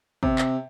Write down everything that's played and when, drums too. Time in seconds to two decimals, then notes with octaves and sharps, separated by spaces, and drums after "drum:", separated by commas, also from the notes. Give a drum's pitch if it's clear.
0.23 C3, drum: kick
0.38 drum: clap